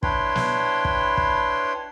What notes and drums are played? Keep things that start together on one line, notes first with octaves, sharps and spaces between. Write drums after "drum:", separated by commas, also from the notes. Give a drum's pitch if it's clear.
D4 E4 B4 C#5 G5 C6, drum: kick
drum: snare
drum: kick
drum: kick